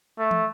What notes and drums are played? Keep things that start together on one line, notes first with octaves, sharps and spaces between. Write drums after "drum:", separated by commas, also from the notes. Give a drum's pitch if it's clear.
A3
drum: tom